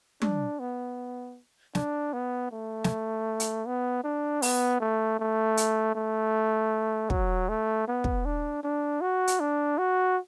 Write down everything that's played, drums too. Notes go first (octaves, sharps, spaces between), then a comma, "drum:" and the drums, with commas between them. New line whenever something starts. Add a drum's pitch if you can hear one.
D4, drum: tom
B3
D4, drum: snare
B3
A3
drum: snare
drum: hi-hat
B3
D4
B3, drum: open hi-hat
A3
A3
drum: hi-hat
A3
F#3, drum: kick
A3
B3
drum: kick
D4
D4
F#4
drum: hi-hat
D4
F#4